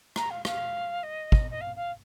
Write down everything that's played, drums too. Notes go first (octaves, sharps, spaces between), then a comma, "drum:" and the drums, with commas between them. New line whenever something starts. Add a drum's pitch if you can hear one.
A#5, drum: rim click
F5
F5, drum: rim click
D#5
drum: kick
D#5
F5
F5